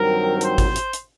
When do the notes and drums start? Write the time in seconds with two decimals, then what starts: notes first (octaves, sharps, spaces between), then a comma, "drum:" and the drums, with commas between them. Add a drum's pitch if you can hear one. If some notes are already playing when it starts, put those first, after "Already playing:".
Already playing: G2 D#3 F#3 C4 A#4
0.41 C5, drum: hi-hat
0.58 drum: kick G#1, hi-hat
0.76 drum: hi-hat
0.93 drum: hi-hat